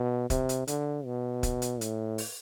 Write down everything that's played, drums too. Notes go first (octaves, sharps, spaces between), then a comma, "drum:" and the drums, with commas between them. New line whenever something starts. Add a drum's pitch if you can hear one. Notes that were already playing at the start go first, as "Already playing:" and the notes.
Already playing: B2
C3, drum: kick, hi-hat
drum: hi-hat
D3, drum: hi-hat
B2
drum: kick, hi-hat
drum: hi-hat
A2, drum: hi-hat
drum: open hi-hat